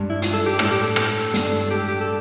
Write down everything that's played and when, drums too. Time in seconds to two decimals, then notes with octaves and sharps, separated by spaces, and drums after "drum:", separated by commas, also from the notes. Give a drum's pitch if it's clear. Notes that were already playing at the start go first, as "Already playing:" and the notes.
Already playing: G2
0.10 E4
0.22 F4, drum: hi-hat
0.34 A4
0.46 G4
0.59 A2 A4, drum: rim click
0.71 G4
0.84 A4
0.96 drum: rim click
1.34 G2, drum: hi-hat
1.71 G4
1.89 G4
2.01 A4